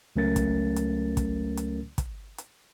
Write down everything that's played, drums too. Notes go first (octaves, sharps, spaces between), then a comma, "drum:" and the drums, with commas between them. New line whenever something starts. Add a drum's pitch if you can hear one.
C#2 F#3 A3 C#4 A#4 A6
drum: kick, hi-hat
drum: hi-hat
drum: kick, hi-hat
drum: hi-hat
drum: kick, hi-hat
drum: hi-hat